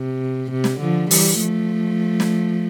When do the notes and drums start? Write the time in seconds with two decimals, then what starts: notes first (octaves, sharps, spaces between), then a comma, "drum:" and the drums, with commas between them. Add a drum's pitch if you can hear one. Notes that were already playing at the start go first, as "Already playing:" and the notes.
Already playing: C3
0.51 C3
0.64 drum: snare
0.80 D3 F3
1.11 E3 G3, drum: open hi-hat
1.40 F3 A3
2.20 drum: snare